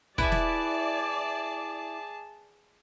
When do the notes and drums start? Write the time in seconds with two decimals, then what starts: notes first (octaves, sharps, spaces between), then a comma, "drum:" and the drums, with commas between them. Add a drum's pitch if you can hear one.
0.18 E4 G#4 B4 D5 A5, drum: kick
0.32 drum: snare